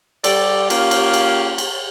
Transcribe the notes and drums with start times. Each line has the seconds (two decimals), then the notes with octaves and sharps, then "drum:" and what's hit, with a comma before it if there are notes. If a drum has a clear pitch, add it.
0.24 G3 A4 D5, drum: cymbal
0.70 A#3 C#4 F4 G4, drum: cymbal
0.91 drum: cymbal
1.14 drum: cymbal
1.58 drum: cymbal